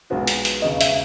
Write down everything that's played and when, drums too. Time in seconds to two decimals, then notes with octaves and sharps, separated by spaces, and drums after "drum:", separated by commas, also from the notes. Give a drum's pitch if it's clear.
0.10 B1 A#2 G#3 B3 F#4
0.27 drum: hi-hat
0.45 drum: hi-hat
0.62 E1 D#2 C#3 D#5
0.81 E5, drum: hi-hat